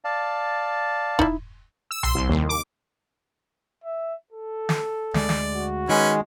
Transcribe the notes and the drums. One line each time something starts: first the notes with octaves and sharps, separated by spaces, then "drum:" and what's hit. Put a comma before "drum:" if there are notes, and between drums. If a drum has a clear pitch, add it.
D5 F5 A5
D#4 E4, drum: kick E1
E6
C6, drum: tom B1
C2
D#2
D6
E5
A4
drum: snare
D2 G#3 D5, drum: snare
drum: snare
F#4
D#3 G#3 C#4 B4